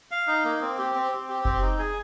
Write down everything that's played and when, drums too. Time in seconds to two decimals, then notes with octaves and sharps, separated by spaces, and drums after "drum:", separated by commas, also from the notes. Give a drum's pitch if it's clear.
0.11 F5
0.27 D#4
0.45 A#3
0.61 C4
0.78 G4
0.95 C4
1.12 C4
1.29 G4
1.45 C4, drum: kick F#1
1.62 D#4
1.79 G#4